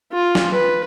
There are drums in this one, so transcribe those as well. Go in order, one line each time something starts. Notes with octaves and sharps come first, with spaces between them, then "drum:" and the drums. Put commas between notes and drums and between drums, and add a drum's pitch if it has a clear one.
F4
drum: snare
B4